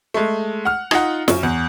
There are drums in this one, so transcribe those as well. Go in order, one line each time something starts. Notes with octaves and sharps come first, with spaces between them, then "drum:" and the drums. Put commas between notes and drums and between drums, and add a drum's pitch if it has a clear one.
G#3 A3
F#5 F6
D#4 F4 F#5, drum: rim click
F#2, drum: snare
E2